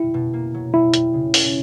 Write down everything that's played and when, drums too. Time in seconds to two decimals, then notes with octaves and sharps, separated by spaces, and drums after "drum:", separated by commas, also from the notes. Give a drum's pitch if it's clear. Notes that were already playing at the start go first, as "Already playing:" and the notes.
Already playing: G3 E4
0.14 B2
0.33 A#3
0.54 F#3
0.74 G3 E4
0.94 G3, drum: hi-hat
1.13 C#3
1.34 C#4, drum: open hi-hat